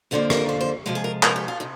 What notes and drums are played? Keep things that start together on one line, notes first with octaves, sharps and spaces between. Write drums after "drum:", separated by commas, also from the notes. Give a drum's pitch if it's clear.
F2 D3 F3 A#3 C5
A#4, drum: rim click
C5
C5
C3 F3 G#3 A#4
G#4
A#4
A#4, drum: clap
G4
F4
C3 D#4